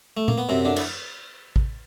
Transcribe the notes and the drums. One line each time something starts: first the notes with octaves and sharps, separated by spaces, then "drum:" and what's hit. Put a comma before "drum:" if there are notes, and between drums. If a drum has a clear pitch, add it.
A3
A#3, drum: tom A#2
B3
F#2 C3 C4
D3 D4
E4, drum: cymbal
drum: kick A1